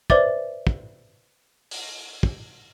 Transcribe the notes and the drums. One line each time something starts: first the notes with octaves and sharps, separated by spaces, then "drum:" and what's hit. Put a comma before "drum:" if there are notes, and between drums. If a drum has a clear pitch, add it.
B4 C5 D5 E5 D6 A6, drum: kick
drum: kick
drum: open hi-hat
drum: kick